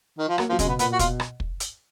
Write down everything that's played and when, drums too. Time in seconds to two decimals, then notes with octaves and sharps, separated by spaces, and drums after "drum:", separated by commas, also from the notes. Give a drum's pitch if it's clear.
0.18 D#3
0.28 F3
0.38 F#3 A#3, drum: rim click
0.49 F3
0.52 F#3
0.59 C#3 G#3, drum: kick, hi-hat
0.66 B2 B3
0.79 A#2 B3, drum: hi-hat
0.92 F#4
0.99 B2 F4, drum: kick, hi-hat
1.20 drum: rim click
1.40 drum: kick
1.60 drum: hi-hat